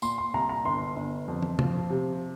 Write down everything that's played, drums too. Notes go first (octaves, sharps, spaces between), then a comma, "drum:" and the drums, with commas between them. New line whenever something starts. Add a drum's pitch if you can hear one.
A#2 C6, drum: tambourine
C6
C2 A#5
A#5
G1 C6
G1
F2
drum: tom
F3, drum: tom
C3